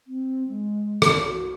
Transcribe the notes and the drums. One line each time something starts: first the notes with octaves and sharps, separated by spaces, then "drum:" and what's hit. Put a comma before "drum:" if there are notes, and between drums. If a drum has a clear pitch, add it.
C4
G#3
drum: rim click
F#4